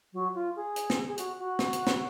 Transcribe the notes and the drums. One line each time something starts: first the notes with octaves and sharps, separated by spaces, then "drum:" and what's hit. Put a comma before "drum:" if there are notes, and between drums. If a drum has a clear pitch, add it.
F#3
F4
G#4
drum: hi-hat
drum: snare
G#4
F#4, drum: hi-hat
F#4
drum: snare
drum: hi-hat
drum: snare